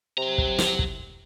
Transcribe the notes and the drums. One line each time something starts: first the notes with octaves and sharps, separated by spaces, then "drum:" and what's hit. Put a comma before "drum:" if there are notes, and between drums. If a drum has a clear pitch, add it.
C3 F#3 A#5
drum: kick
drum: snare
drum: kick